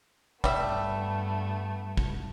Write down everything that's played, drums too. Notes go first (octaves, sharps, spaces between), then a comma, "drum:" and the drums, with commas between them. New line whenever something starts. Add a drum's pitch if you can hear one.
G2 G3 A3 B3 E5, drum: kick
drum: kick